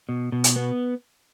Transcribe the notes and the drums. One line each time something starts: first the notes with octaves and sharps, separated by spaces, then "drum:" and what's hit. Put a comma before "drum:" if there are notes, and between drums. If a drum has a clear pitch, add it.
B2
B2
drum: hi-hat
B3